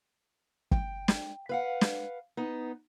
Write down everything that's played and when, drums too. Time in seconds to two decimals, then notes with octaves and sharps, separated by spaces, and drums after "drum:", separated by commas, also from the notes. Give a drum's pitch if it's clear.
0.71 G5, drum: kick
1.08 drum: snare
1.49 B4 F5 F#5
1.81 drum: snare
2.37 B3 D#4